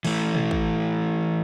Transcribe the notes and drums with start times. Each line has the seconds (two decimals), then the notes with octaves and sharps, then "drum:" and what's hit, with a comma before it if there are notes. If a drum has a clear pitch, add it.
0.05 E3 A3 E4, drum: cymbal
0.34 drum: tom A#2
0.51 drum: kick